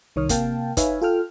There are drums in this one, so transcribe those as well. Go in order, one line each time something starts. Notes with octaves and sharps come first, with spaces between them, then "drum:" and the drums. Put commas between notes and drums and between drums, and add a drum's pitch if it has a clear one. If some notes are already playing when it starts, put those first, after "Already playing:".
C2 D#3 C#5 D#6 F6
C3 A#3 F5 G5 A5, drum: kick, hi-hat
D#4 B4 C#5 E5 F5 G#5, drum: kick, hi-hat
F4 A4 G5 F6